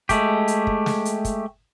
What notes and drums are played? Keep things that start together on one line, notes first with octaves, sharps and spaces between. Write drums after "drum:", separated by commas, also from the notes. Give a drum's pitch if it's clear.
G#3 A3 G4, drum: kick, hi-hat
drum: hi-hat
drum: kick
drum: snare
drum: hi-hat
drum: kick, hi-hat